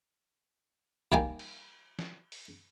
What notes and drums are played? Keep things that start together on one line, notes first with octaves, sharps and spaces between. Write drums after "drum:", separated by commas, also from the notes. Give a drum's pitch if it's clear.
D#2 D#3 G3 A#3 G4 G#5, drum: kick C2
drum: cymbal
drum: snare
drum: open hi-hat